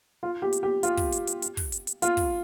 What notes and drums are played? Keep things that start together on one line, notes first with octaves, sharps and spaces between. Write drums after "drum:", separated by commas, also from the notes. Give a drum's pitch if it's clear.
F4
G4
drum: hi-hat
G4
F4, drum: hi-hat
drum: kick, open hi-hat
drum: hi-hat
drum: hi-hat
drum: hi-hat
drum: kick, open hi-hat
drum: hi-hat
drum: hi-hat
F4, drum: hi-hat
drum: kick, open hi-hat